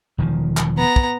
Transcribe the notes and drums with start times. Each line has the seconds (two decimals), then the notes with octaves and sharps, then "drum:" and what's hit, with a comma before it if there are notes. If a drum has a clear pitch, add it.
0.18 E1 D#3 F3
0.57 drum: clap
0.77 B3 A#5
0.96 drum: kick